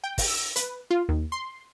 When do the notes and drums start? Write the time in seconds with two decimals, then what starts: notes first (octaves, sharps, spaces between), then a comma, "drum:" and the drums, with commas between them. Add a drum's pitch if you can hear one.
0.04 G5
0.18 drum: kick, open hi-hat
0.28 E6
0.56 B4, drum: hi-hat
0.91 F4
1.09 D#2
1.32 C6